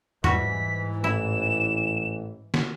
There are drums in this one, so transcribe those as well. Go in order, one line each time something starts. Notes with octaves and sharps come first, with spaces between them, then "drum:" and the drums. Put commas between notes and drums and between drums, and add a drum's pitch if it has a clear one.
G#2 E3 G3 F#4 B6, drum: tom E2
A1 E4 E7
drum: snare